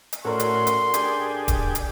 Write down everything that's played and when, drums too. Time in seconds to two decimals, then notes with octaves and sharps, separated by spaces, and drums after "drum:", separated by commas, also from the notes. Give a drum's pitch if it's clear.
0.13 drum: hi-hat
0.25 A2 C#4 F#4 A4 A#4 D5 C6
0.40 drum: hi-hat
0.67 drum: hi-hat
0.94 D4 G4 G#4, drum: hi-hat
1.48 drum: kick D1, hi-hat
1.75 drum: hi-hat